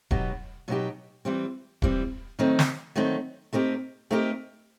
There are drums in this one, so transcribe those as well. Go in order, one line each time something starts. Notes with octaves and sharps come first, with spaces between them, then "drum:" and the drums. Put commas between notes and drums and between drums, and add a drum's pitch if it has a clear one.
B2 F#3 B3 D#4 G4, drum: kick D#1
B2 F#3 B3 D#4 G4
E3 G3 C4
E3 G3 C4, drum: kick D#1
D#3 F#3 A3 C4 D#4
drum: snare
D#3 F#3 A3 C4 D#4
A3 C4 D#4 G4 A#4
A3 C4 D#4 G4 A#4